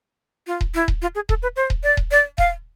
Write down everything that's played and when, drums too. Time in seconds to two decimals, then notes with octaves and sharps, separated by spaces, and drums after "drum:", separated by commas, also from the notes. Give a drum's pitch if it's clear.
0.47 F4
0.61 drum: kick D#1
0.74 E4
0.88 drum: kick D#1
1.02 F4
1.15 G#4
1.29 A4, drum: kick D#1
1.42 B4
1.56 C5
1.70 drum: kick D#1
1.83 D5
1.97 drum: kick D#1
2.11 D5
2.38 F5, drum: kick D#1